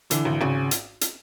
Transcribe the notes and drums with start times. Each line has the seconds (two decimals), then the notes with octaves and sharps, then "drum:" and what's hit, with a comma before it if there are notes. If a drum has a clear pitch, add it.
0.11 D3 E3, drum: hi-hat
0.25 G#1
0.41 G#1 C#3
0.71 drum: hi-hat
1.01 drum: hi-hat